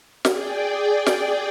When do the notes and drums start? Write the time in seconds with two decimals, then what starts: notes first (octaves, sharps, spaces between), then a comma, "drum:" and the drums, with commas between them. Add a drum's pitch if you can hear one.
0.25 G#4 D5 G5, drum: snare
1.06 drum: snare